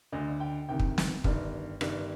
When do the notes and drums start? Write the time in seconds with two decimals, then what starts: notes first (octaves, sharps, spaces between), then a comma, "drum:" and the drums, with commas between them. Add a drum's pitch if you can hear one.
0.12 D2 D3 D#5
0.40 G5
0.69 D2 C3 D#3 G5
0.80 drum: kick
0.98 drum: snare
1.24 G1 G2 D#3, drum: kick
1.81 G1 G2 D#3, drum: rim click